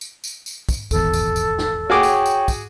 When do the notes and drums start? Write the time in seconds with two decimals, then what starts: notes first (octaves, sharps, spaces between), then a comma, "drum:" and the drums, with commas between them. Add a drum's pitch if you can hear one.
0.01 drum: tambourine
0.24 drum: tambourine
0.46 drum: tambourine
0.69 drum: kick, tambourine
0.91 D#1 G#1 E2 A4, drum: kick, tambourine
1.13 drum: tambourine
1.36 drum: tambourine
1.58 drum: snare
1.90 F#4 G#4 C#5 G5 D6
2.03 drum: tambourine
2.26 drum: tambourine
2.48 drum: kick, tambourine